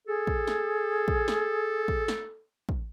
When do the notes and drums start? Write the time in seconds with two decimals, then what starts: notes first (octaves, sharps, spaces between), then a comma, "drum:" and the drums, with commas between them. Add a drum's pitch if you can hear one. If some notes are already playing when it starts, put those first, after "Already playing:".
0.07 G#4 A4
0.27 drum: kick
0.47 drum: snare
1.08 drum: kick
1.28 drum: snare
1.88 drum: kick
2.08 drum: snare
2.69 drum: kick